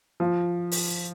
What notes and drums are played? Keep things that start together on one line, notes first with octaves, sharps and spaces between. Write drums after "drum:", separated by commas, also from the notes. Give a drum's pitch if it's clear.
F3
drum: open hi-hat